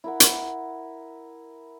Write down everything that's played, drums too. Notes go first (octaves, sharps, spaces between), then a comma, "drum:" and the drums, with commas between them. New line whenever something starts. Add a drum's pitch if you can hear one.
E4 A#4 F#5
drum: hi-hat